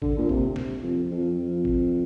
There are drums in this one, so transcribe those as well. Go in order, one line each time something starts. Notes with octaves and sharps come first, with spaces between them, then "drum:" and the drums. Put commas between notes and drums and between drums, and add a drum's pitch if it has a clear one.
D3, drum: kick
A#2
C3, drum: kick
drum: snare
F2
F2
F2
drum: kick